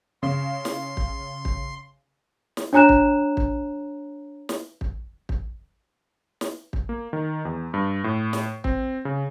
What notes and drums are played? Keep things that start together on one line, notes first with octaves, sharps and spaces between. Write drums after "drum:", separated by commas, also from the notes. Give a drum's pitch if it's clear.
C#3 C6
drum: snare
drum: kick
drum: kick
drum: snare
D4 C#5 G#5 A#5 F#6 E7
drum: kick
drum: kick
drum: snare
drum: kick
drum: kick
drum: snare
drum: kick
A#3
D#3
E2
G2
A2
drum: snare
C4, drum: kick
C#3